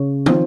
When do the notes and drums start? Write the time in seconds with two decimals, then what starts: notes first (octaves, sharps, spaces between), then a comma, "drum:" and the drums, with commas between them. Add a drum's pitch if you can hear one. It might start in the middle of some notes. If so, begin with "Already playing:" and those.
Already playing: C#3 C#5
0.26 F3 C4 D#4, drum: tom